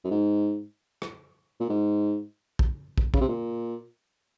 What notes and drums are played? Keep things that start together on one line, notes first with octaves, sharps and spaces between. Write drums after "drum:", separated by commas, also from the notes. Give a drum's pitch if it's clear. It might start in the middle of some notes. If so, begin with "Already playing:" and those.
F#2
G#2
drum: rim click
A#2
G#2
drum: kick
drum: kick
C#3, drum: kick
C3
A#2